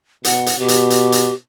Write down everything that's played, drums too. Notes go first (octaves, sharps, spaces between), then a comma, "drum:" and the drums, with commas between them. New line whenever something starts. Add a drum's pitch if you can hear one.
B2 F#5, drum: hi-hat
drum: hi-hat
B2 G4
drum: hi-hat
drum: hi-hat
drum: hi-hat